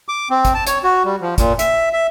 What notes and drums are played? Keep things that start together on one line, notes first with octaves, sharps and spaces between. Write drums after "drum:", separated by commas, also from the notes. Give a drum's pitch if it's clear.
D6
C4
drum: kick G#1, hi-hat
A5
C#5, drum: hi-hat
F#4
G3
F3
A#2, drum: kick G#1, hi-hat
E5, drum: hi-hat
E5